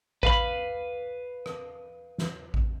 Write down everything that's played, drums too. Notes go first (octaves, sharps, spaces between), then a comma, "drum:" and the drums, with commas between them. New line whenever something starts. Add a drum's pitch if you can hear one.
B4 F5 B5, drum: kick A1
drum: rim click
drum: snare
drum: kick A1